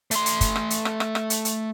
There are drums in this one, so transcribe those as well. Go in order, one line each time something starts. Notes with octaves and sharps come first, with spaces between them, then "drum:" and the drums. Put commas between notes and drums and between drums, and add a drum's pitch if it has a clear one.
A3 C6, drum: hi-hat
drum: hi-hat
drum: kick, hi-hat
drum: rim click
drum: hi-hat
drum: rim click
drum: rim click
drum: rim click
drum: hi-hat
drum: hi-hat